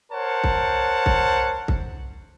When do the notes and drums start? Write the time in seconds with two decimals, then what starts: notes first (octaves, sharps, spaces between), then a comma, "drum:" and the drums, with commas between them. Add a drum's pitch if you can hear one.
0.12 A#4 C5 C#5 F#5 A5
0.44 drum: kick C2
1.06 drum: kick C2
1.68 drum: kick C2